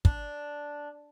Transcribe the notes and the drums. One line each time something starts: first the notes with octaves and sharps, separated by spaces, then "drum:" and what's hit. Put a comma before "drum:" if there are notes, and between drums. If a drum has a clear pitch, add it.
D4, drum: kick